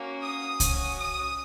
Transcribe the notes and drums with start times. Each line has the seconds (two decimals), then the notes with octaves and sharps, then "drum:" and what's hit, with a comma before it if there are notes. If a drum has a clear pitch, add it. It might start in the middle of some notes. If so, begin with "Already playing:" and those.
Already playing: A#3 C#4 F#4
0.23 D#6
0.60 C#4 F#4, drum: kick C2, hi-hat
0.99 D#6